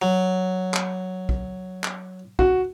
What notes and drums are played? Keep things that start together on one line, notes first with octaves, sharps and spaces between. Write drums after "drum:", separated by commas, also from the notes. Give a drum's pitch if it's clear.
F#3
drum: clap
drum: kick A#1
drum: clap
F#4, drum: kick A#1